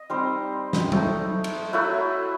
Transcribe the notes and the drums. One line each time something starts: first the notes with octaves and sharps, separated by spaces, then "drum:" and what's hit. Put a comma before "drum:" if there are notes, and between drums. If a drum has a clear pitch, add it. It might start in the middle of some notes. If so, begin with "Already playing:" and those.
Already playing: D#5
G3 C4 D#4 C5
drum: snare
A3 D#4, drum: tom F#3
drum: cymbal
F#3 A3 E4 B4